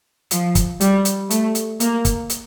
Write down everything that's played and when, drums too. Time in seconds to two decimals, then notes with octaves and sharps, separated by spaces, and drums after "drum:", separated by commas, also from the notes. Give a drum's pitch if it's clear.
0.31 F3, drum: hi-hat
0.55 drum: kick, hi-hat
0.81 G3, drum: hi-hat
1.05 drum: hi-hat
1.31 A3, drum: hi-hat
1.55 drum: hi-hat
1.80 A#3, drum: hi-hat
2.05 drum: kick, hi-hat
2.30 drum: hi-hat